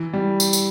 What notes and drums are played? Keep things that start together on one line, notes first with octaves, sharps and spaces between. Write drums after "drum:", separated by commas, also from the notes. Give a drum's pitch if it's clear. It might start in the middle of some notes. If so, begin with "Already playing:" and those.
Already playing: E3
G3
drum: tambourine
drum: tambourine